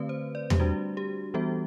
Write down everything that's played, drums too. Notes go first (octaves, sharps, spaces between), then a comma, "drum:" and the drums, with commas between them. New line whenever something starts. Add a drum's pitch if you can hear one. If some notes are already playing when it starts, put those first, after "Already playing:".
Already playing: D3 A3 C4 B4
C5
D5
G4, drum: tom E2
G3 D4 F#4
G4
E3 G3 B3 F#4